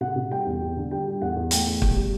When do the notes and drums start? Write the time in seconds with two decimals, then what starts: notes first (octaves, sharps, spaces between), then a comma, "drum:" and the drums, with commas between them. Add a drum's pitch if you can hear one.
0.01 C3 F#5
0.16 C3
0.31 G3 G5
0.46 E2
0.61 G3
0.77 D3
0.91 G3 G5
1.06 G3
1.22 E2 F#5
1.36 E2
1.51 A3 G5, drum: hi-hat
1.66 E2
1.82 G3, drum: kick
1.96 G3